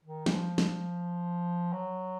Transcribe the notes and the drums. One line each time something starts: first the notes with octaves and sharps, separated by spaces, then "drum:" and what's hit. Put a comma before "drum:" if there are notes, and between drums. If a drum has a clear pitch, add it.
D#3
E3, drum: snare
F3
drum: snare
F#3